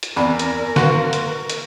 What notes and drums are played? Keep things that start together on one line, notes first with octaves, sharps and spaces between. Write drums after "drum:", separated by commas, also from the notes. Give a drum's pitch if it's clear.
drum: hi-hat
E2 C4 A#4 D5 B5
drum: hi-hat
F#4 B4 F5 C6, drum: snare
drum: hi-hat
drum: hi-hat